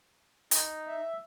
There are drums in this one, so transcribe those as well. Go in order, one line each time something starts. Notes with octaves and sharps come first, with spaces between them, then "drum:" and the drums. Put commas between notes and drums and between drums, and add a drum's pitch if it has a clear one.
D#4, drum: hi-hat
E5